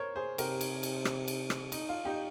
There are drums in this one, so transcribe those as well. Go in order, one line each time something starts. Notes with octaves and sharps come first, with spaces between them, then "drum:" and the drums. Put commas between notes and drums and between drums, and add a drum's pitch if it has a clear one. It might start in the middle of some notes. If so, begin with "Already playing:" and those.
Already playing: A#4 C5 C#5
G#4 C5
C3 G4 A#4, drum: cymbal
drum: cymbal
drum: cymbal
drum: rim click
drum: cymbal
drum: rim click
D#4, drum: cymbal
F4
D#4 G4